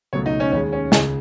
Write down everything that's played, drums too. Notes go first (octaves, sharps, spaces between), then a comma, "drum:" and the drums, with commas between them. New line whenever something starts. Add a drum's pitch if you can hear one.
C#2 B2 F#3 A3 C#5
D#4
C#4
D#2 C#3 G#3 C#4
C#4
C#2 C#3 G#3 G#4, drum: snare